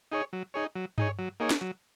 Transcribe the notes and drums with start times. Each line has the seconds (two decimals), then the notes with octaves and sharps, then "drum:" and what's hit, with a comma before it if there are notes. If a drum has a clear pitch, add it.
0.12 D#4 G#4 C#5
0.33 F#3
0.54 D#4 G#4 C#5
0.75 F#3
0.98 D#4 G#4 C#5, drum: tom G2
1.19 F#3
1.40 A#3 D#4 G#4 C#5
1.50 drum: snare
1.61 F#3